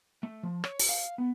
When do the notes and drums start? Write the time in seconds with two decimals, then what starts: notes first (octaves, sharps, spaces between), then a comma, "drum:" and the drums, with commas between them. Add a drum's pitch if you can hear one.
0.23 A3
0.43 F3
0.64 C#5, drum: rim click
0.79 drum: open hi-hat
0.89 F5
1.18 B3